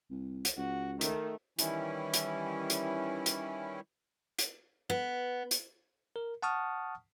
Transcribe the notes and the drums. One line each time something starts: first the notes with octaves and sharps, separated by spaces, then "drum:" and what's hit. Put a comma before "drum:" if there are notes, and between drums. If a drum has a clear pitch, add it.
C2
drum: hi-hat
C#2 F#4
D#3 A3, drum: hi-hat
D#3 E3 G3 C#4 E4, drum: hi-hat
drum: hi-hat
drum: hi-hat
drum: hi-hat
drum: hi-hat
B3
drum: hi-hat
A#4
F#5 A5 C#6 D#6 F6